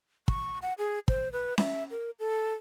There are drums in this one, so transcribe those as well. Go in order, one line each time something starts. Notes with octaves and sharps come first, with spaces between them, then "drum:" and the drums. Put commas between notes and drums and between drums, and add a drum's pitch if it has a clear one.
C#6, drum: kick
F#5
G#4
C5, drum: kick
B4
E5, drum: snare C#4
A#4
A4